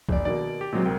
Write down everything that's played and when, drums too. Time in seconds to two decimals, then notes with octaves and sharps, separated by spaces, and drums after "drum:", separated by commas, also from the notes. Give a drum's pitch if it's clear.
0.09 A#1 D5, drum: kick B1
0.25 B2 D#3 A#3 D5
0.61 G4
0.72 A#2 F#3 G#3 C4
0.86 C2 A#4 G5